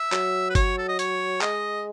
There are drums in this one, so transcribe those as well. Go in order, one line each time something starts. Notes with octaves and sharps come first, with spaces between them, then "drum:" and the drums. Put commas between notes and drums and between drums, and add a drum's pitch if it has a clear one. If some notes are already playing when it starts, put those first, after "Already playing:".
Already playing: E5
F#3, drum: clap
B4
C#5, drum: kick G1, hi-hat
A4
D#5
C#5, drum: hi-hat
G#3 D#5, drum: clap